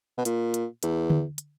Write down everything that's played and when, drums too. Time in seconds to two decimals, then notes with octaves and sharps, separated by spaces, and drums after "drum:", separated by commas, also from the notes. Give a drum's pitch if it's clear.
0.18 B2
0.25 A#2, drum: hi-hat
0.54 drum: hi-hat
0.83 E2, drum: hi-hat
1.10 drum: tom D3
1.38 drum: hi-hat